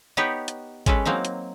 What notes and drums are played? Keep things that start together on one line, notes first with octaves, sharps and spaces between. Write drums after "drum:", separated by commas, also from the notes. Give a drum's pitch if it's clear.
B3 D#4 G4 B4 C#5 G5
drum: hi-hat
G#3 C#4 A4 B4, drum: kick, hi-hat
F#3 A#3 C4 D#4
drum: hi-hat